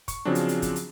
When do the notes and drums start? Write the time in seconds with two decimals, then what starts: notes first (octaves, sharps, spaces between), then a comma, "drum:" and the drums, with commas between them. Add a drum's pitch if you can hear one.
0.08 C#6, drum: kick, hi-hat
0.25 C#3 F3 F#3 C4 D4
0.35 drum: hi-hat
0.49 drum: hi-hat
0.62 drum: kick, hi-hat
0.76 drum: hi-hat